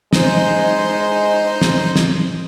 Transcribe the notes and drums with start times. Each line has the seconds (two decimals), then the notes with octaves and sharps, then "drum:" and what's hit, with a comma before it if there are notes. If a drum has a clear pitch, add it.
0.13 G#3 D#4 C5, drum: snare
1.62 drum: snare
1.96 drum: snare